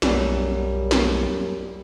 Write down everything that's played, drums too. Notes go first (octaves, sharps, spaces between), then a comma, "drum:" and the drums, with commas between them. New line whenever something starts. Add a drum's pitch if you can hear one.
B1 F#2 G3, drum: snare
drum: snare